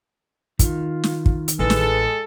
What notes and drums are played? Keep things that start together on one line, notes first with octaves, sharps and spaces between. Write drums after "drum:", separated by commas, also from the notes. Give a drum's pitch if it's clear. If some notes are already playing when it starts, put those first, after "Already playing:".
D#3 F4, drum: kick, hi-hat
drum: snare
drum: kick
drum: hi-hat
A1 G#3 G#4 A4 B4
drum: snare